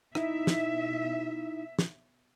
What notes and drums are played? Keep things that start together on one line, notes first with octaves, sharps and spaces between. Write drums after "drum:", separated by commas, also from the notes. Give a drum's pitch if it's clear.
B2 D#4 E4 E5, drum: rim click
drum: snare
drum: snare